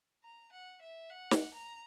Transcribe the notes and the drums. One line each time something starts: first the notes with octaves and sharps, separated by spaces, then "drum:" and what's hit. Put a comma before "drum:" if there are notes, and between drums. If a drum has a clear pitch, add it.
A#5
F#5
E5
F#5
drum: snare
A#5